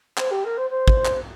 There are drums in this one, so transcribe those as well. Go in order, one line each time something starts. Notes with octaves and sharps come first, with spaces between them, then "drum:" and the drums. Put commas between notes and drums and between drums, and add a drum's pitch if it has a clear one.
C5, drum: clap
G4
A#4
C5
C5
drum: kick
drum: clap